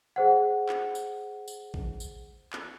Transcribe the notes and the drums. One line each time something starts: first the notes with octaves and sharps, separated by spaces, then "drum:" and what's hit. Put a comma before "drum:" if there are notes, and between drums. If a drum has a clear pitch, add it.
G#4 C5 F#5
drum: clap
drum: tambourine
drum: tambourine
drum: kick A1
drum: tambourine
drum: clap